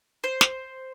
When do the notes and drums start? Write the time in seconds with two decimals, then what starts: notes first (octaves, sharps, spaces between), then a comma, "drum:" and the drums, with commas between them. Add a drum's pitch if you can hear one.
0.24 C5
0.41 drum: snare